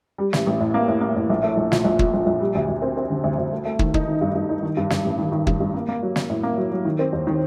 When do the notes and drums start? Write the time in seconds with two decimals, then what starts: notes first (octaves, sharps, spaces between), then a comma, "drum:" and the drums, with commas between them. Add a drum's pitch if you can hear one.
0.18 G3
0.33 A1, drum: snare
0.47 A1
0.60 A2
0.74 A#3
0.88 A2
1.01 A#3
1.16 A2
1.29 A#1
1.43 A3
1.57 A#1
1.72 A#2, drum: snare
1.85 A#1
1.99 A#2, drum: kick
2.14 A#1
2.26 A#1
2.40 G3
2.55 D2
2.68 D2
2.82 C4
2.97 C4
3.10 D3
3.23 D2
3.38 D2
3.52 A3
3.65 A3
3.79 D#3, drum: kick
3.94 D#4, drum: kick
4.08 D#3
4.21 G2
4.35 G2
4.49 D#4
4.63 D#3
4.77 G2
4.90 G2, drum: snare
5.04 A1
5.18 D#3
5.32 D#3
5.47 G2, drum: kick
5.60 G2
5.74 A#3
5.88 A#3
6.03 F#3
6.16 A#3, drum: snare
6.30 A2
6.43 A#3
6.58 F#3
6.72 F#3
6.85 D#3
6.99 C4
7.13 D#2
7.27 D#3